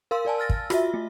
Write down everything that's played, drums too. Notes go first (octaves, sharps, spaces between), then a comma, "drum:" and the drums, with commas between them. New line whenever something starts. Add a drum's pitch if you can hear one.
A#4 F5 C6 E6
A#4 D5 G#5 A5
E6 F6 A6 A#6
drum: kick
F4 F#4 E5, drum: rim click
A3